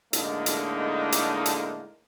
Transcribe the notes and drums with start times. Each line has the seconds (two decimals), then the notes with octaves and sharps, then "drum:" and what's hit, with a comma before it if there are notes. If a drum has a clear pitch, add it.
0.13 A2 D3 G#3 A#3 D4 D#4, drum: hi-hat
0.46 drum: hi-hat
1.12 drum: hi-hat
1.46 drum: hi-hat